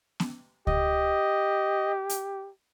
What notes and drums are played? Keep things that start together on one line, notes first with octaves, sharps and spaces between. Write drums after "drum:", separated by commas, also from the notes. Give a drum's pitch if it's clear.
drum: snare B3
G4 D#5, drum: kick C#2
drum: hi-hat